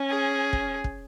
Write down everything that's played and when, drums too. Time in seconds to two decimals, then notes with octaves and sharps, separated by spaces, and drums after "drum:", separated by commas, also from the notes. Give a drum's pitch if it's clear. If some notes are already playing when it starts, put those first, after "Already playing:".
Already playing: C#4
0.10 G#4
0.53 drum: kick
0.84 drum: kick